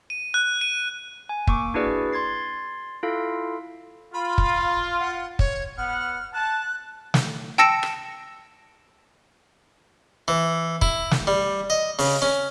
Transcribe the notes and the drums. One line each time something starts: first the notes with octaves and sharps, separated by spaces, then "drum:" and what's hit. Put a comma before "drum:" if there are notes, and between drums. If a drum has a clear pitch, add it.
D#7
F#6
D#7
G#5
A#3 C#6 D6, drum: kick
D4 E4 F#4 G#4 B4 D5
C6 G#6 A6 C7
E4 F4 A4 F5
F4 B5
drum: kick
F#5
C#5, drum: kick
B3 F#5 F6
A5 F#6
drum: snare
G5 A5 E6 A#6 C#7 E7
drum: rim click
E3
E4, drum: kick
drum: snare
G3
D#5
C#3, drum: open hi-hat
C#4